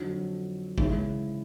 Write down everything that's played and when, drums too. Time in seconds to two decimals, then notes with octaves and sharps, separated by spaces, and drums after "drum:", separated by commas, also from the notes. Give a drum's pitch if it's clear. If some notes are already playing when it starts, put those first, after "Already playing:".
Already playing: F2 D3 F#3
0.78 C#3 E3 G#3 C#4 E4, drum: kick